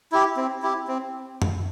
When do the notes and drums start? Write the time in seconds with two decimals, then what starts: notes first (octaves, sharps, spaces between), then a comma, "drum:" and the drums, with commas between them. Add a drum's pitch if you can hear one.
0.12 E4 G4
0.37 C4
0.63 E4 G4
0.88 C4
1.42 drum: tom F#2